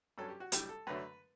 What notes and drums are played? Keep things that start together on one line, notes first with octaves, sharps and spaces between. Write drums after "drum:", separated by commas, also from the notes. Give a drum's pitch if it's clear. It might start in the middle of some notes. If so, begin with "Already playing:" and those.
G2 F#3 C#4 A4
G4
F#4
B1 A2 G3 D4 G4, drum: hi-hat
A4
F#2 D3 F#3 A3 B4